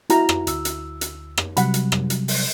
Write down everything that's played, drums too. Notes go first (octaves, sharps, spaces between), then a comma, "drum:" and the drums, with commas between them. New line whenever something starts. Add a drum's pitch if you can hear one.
E4 F#4 A#5, drum: hi-hat
drum: rim click
D2 E6, drum: hi-hat
drum: hi-hat
drum: hi-hat
drum: rim click
C3 F#3 G3 F#5 B5, drum: hi-hat
drum: hi-hat
drum: rim click
drum: hi-hat
drum: open hi-hat